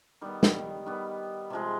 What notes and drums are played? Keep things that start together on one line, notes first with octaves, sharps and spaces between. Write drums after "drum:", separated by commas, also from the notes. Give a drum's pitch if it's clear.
D#3 G3 B3
drum: snare
D#3 G3 B3
C3 F3 G#3